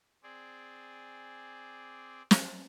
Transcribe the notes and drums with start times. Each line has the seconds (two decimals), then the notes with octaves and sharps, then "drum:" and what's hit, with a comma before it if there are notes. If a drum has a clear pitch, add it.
0.23 C4 G#4 D5
2.31 drum: snare